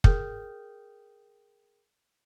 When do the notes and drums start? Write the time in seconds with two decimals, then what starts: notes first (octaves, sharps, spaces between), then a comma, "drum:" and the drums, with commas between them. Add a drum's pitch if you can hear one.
0.04 G#4 A#4 G5 D#6 F6 G6, drum: kick